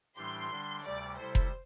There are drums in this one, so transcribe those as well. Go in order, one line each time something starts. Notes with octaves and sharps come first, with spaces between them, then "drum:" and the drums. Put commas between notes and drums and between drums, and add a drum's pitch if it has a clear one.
A2 E3 G3 D4 G4 C6
D3 G3 D4
D2 C3 G3 D5
C3 G3 E4 A4 C5
drum: kick F1